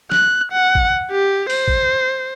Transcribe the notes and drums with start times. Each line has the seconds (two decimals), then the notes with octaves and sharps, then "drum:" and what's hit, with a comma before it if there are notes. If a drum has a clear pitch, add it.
0.11 F#6, drum: snare
0.52 F#5
0.75 drum: kick
1.11 G4
1.50 C5, drum: open hi-hat
1.68 drum: kick